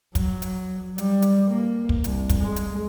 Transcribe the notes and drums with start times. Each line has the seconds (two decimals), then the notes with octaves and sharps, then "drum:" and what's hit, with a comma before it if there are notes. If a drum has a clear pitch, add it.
0.15 F#3, drum: kick, hi-hat
0.42 drum: hi-hat
0.98 G3, drum: hi-hat
1.22 drum: hi-hat
1.49 A#3
1.89 drum: kick
2.04 C2, drum: hi-hat
2.29 drum: kick, hi-hat
2.39 G#3
2.56 drum: hi-hat